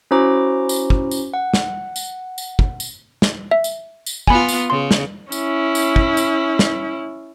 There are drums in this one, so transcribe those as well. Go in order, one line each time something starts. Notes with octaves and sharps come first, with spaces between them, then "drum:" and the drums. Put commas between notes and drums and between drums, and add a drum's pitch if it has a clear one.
C#4 E4 F#4 C5 A#5 D6
drum: tambourine
drum: kick
drum: tambourine
F#5
drum: snare
drum: tambourine
drum: tambourine
drum: kick
drum: tambourine
drum: snare
E5
drum: tambourine
drum: tambourine
B3 F4 G#5 B5, drum: kick
drum: tambourine
C#3 C6
drum: snare
C#4 E4, drum: tambourine
drum: tambourine
drum: kick
drum: tambourine
drum: snare